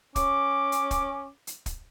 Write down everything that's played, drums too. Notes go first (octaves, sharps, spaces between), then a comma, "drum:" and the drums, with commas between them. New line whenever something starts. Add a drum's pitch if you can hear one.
C#4 D6, drum: kick, hi-hat
drum: hi-hat
drum: kick, hi-hat
drum: hi-hat
drum: kick, hi-hat